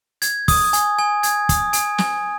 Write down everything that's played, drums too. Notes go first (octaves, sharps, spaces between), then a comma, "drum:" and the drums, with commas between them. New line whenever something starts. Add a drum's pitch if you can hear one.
G#6, drum: hi-hat
D#6, drum: kick, open hi-hat
G#5, drum: hi-hat
G#5
G#6, drum: hi-hat
D#6, drum: kick, hi-hat
G#5, drum: hi-hat
G#5, drum: snare